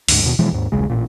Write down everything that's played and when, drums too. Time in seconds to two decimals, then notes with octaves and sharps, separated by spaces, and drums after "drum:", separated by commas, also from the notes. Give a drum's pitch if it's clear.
0.08 D2 G#2, drum: open hi-hat
0.23 D#2 B2
0.39 B2 E3 F3 G#3
0.52 D#2 G#2
0.72 D#1 B1 C#3 G#3
0.90 A1 A#2